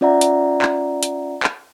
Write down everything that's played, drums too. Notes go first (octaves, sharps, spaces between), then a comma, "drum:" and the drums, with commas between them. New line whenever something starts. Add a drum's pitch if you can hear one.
C#4 F4 D5 E5 F#5 A#5
drum: hi-hat
drum: clap
drum: hi-hat
drum: clap